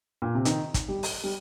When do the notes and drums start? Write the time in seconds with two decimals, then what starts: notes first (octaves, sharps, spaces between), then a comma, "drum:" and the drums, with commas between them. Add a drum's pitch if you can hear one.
0.22 A#2
0.34 C3
0.45 D#3, drum: hi-hat
0.74 drum: kick, hi-hat
0.88 G3
1.03 drum: open hi-hat
1.24 G3